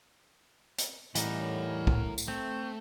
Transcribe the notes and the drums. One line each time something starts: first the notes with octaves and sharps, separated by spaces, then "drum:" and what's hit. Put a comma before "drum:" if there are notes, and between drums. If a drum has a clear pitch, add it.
drum: hi-hat
A2 E3 G3 D#4 A#4 F#5, drum: hi-hat
drum: kick
drum: tambourine
A3 C4